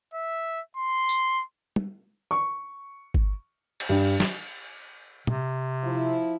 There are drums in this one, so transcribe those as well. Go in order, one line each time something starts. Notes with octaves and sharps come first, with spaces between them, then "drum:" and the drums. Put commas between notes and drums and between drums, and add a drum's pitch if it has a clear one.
E5
C6
drum: tambourine
drum: tom
C#6
drum: kick G1
drum: cymbal
G2
drum: snare
C3, drum: tom
F3 E4